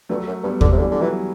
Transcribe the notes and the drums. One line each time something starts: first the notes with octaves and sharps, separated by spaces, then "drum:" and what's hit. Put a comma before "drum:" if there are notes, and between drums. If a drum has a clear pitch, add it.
G2 F#3 A3
F#2
G2 G3 B3
D3, drum: kick
C3
D3 E3 G3
D3
E3 F#3